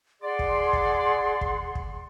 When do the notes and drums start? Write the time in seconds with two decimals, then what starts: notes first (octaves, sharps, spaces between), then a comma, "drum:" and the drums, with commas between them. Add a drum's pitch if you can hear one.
0.22 G#4 D5 F#5 C6
0.39 drum: kick
0.73 drum: kick
1.41 drum: kick
1.75 drum: kick